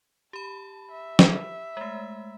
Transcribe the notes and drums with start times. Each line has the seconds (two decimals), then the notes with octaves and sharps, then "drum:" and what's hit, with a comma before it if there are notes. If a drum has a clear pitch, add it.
0.33 G4 A5 B5
0.91 E5
1.19 drum: snare
1.77 G#3 A3